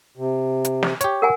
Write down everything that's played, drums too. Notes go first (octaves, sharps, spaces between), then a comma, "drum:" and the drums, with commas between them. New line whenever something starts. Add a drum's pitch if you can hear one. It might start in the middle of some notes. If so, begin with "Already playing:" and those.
C3
drum: hi-hat
drum: snare
G4 C#5, drum: hi-hat
A#4 F#5 G#5